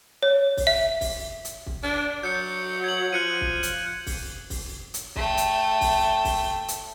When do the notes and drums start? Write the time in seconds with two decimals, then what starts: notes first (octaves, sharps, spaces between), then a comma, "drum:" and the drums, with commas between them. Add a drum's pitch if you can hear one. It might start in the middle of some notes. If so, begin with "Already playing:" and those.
0.23 C#5
0.57 drum: kick, open hi-hat
0.67 E5
1.01 drum: kick, open hi-hat
1.45 drum: hi-hat
1.66 drum: kick
1.83 D4
2.23 F#3 G6 C#7
2.84 G#6 F#7
3.13 F3 F#6 C#7 D#7
3.41 drum: kick
3.63 drum: hi-hat
4.06 drum: kick, open hi-hat
4.50 drum: kick, open hi-hat
4.94 drum: hi-hat
5.16 A3 G5, drum: kick
5.37 drum: hi-hat
5.81 drum: kick, open hi-hat
6.25 drum: kick, open hi-hat
6.68 drum: hi-hat